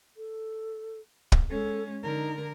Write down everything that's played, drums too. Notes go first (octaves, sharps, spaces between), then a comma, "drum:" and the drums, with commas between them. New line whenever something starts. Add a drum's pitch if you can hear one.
A4
drum: kick
G#3 C#4 A4
D3 D#4 A#4